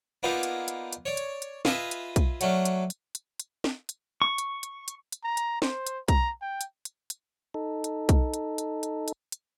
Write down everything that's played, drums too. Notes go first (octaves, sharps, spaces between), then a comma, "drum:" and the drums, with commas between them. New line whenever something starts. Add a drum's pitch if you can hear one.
A#3 B3 D4 D#4 F4 G#4
drum: hi-hat
drum: hi-hat
drum: hi-hat
C#5 D5
drum: hi-hat
drum: hi-hat
F4 G#4 B4 D#5 E5, drum: snare
drum: hi-hat
drum: kick, hi-hat
F#3 A3 C#4 D4, drum: hi-hat
drum: hi-hat
drum: hi-hat
drum: hi-hat
drum: hi-hat
drum: snare
drum: hi-hat
C#6
drum: hi-hat
drum: hi-hat
drum: hi-hat
drum: hi-hat
A#5
drum: hi-hat
C5, drum: snare
drum: hi-hat
A#5, drum: kick, hi-hat
G5
drum: hi-hat
drum: hi-hat
drum: hi-hat
D#4 A4
drum: hi-hat
drum: kick, hi-hat
drum: hi-hat
drum: hi-hat
drum: hi-hat
drum: hi-hat
drum: hi-hat